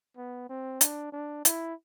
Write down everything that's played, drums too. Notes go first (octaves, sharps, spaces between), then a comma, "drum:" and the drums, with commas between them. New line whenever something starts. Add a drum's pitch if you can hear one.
B3
C4
D4, drum: hi-hat
D4
E4, drum: hi-hat